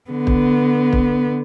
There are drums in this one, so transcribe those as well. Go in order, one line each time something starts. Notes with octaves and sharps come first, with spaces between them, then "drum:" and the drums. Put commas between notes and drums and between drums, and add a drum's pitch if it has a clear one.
D3 B3
drum: kick
drum: kick